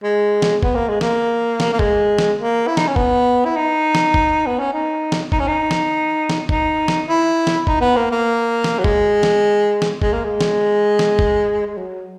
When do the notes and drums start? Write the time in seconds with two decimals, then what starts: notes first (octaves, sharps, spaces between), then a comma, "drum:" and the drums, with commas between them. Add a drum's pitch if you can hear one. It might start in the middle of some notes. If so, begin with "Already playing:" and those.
0.03 G#3
0.42 drum: snare
0.63 B3, drum: kick
0.75 A#3
0.89 G#3
1.01 A#3, drum: snare
1.60 drum: snare
1.73 A#3
1.79 G#3, drum: kick
2.18 drum: snare
2.38 A#3
2.67 E4
2.77 D#4, drum: snare
2.87 C#4
2.96 B3, drum: kick
3.45 E4
3.56 D#4
3.95 drum: snare
4.14 drum: kick
4.46 B3
4.59 C#4
4.73 D#4
5.12 drum: snare
5.32 D#4, drum: kick
5.39 C#4
5.47 D#4
5.71 drum: snare
6.30 drum: snare
6.49 D#4, drum: kick
6.88 drum: snare
7.08 E4
7.47 drum: snare
7.67 D#4, drum: kick
7.81 B3
7.96 A#3
8.11 A#3
8.64 drum: snare
8.79 F#3
8.84 G#3, drum: kick
9.23 drum: snare
9.82 drum: snare
10.02 G#3, drum: kick
10.13 A#3
10.24 G#3
10.41 drum: snare
10.99 drum: snare
11.19 drum: kick
11.67 G#3
11.78 F#3